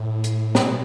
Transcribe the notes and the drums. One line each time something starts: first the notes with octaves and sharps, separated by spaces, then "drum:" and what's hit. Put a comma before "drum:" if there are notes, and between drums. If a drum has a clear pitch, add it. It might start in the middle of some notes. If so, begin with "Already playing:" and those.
Already playing: A2
drum: hi-hat
B2, drum: snare